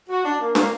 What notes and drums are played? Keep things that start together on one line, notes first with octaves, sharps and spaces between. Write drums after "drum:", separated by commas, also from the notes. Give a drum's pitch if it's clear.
F#4
D4
A#3
A#3, drum: snare